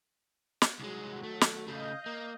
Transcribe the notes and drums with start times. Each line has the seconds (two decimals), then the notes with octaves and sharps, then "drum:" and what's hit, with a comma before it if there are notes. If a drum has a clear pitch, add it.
0.62 drum: snare
0.79 C2 D#3 F#3 G#3 F#6
1.23 A3
1.41 drum: snare
1.68 C#3 A3 D#5 F5 G6
2.06 A#3